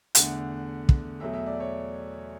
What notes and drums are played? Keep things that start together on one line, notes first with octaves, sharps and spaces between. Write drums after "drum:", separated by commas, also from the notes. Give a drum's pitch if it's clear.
E2 D3 A3 F#5, drum: hi-hat
drum: kick
E2 B2 F#3 A3 E5
E5
D5
C#5